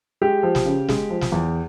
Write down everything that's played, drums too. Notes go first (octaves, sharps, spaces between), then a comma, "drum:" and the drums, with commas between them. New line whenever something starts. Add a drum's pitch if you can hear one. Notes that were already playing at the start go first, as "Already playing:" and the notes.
G#3 G4
F3
drum: snare
C#3
G#3, drum: snare
F3
drum: snare
E2